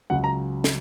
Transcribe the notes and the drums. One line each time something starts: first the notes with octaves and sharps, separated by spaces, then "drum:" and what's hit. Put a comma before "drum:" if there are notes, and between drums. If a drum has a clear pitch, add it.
C#2 C#3 F#3 F#5
A#5
drum: snare